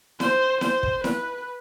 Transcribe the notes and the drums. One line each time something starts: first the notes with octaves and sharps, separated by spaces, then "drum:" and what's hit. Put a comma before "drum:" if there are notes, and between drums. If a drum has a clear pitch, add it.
C5, drum: snare E4
C5, drum: snare E4
drum: kick
B4, drum: snare E4